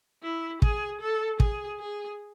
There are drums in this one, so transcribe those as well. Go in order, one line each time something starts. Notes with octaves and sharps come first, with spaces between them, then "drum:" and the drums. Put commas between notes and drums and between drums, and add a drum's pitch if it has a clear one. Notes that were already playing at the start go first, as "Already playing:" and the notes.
E4
G#4, drum: kick
A4
G#4, drum: kick
G#4